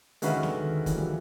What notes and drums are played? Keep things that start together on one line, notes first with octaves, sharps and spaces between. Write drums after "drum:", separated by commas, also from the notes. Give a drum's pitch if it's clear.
D#3 G#3 C#4 F#4 B4 E5, drum: hi-hat
D#3
D3, drum: snare
D#3
D#3
E3 F#3, drum: kick, hi-hat
F3 G3